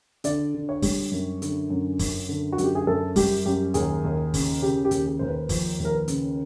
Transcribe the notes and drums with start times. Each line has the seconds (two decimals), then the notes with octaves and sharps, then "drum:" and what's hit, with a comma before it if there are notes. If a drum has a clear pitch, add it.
0.24 D3 D5, drum: hi-hat
0.54 D3
0.69 C#5
0.82 G3, drum: kick, open hi-hat
1.12 F#2
1.42 D3, drum: hi-hat
1.70 F#2
1.99 F#2, drum: kick, open hi-hat
2.29 D3
2.52 F#4
2.58 F#2, drum: hi-hat
2.64 G4
2.75 G#4
2.87 F#2 A4
3.16 G3 G4, drum: kick, open hi-hat
3.46 F#2 G4
3.74 D#2 G#4, drum: hi-hat
4.04 D#2
4.34 C#3, drum: kick, open hi-hat
4.62 C#3 G4
4.85 G4
4.91 D#2, drum: hi-hat
5.07 G#4
5.19 D#2 C5
5.28 B4
5.49 F3 C5, drum: kick, open hi-hat
5.80 D#2
5.85 A#4
5.94 B4
6.08 C#3, drum: hi-hat